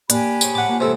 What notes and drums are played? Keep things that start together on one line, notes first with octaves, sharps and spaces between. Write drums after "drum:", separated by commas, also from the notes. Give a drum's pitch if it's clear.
A#3 D4 G4 G#5 B5, drum: hi-hat
G#4 C5 C#5, drum: tambourine
F#5 A5 D6
A#3 F4
G#2 C3 E3 G#4 A4